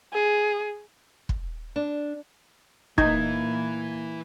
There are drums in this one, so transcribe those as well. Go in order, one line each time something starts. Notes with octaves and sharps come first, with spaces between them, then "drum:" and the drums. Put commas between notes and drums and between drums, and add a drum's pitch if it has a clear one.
G#4
drum: kick
D4
A#2 E3 A#3 D#4 G#6, drum: kick